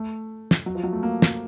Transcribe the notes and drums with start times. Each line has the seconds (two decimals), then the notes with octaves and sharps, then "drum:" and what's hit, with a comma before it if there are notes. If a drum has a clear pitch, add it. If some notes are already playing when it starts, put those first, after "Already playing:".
Already playing: A3
0.51 drum: snare
0.66 F#3
0.75 F3
0.83 F#3
0.93 A3
1.03 A#3
1.22 drum: snare